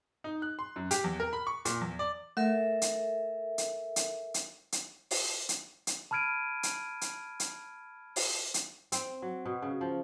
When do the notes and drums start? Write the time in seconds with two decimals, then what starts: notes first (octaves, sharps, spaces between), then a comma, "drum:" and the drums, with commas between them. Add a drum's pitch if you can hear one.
0.24 D#4
0.42 F#6
0.59 C6
0.76 F#2
0.91 G4, drum: hi-hat
1.04 E2
1.20 A#4
1.33 B5
1.47 C#6
1.65 A#2, drum: hi-hat
1.81 E2
1.99 D5
2.37 A3 A4 A#4 E5
2.82 drum: hi-hat
3.58 drum: hi-hat
3.96 drum: hi-hat
4.34 drum: hi-hat
4.72 drum: hi-hat
5.11 drum: open hi-hat
5.49 drum: hi-hat
5.87 drum: hi-hat
6.11 A5 B5 F6 G#6 D7 D#7
6.63 drum: hi-hat
7.01 drum: hi-hat
7.40 drum: hi-hat
8.16 drum: open hi-hat
8.54 drum: hi-hat
8.92 C4, drum: hi-hat
9.22 F#3
9.46 B2
9.62 C#3
9.81 F3